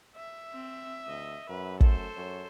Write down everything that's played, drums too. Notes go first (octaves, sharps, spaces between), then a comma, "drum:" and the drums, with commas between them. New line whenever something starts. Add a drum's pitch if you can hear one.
E5
C4
D2 D#5
F#2 B4
A3 A4 C5, drum: kick
F#2 C#5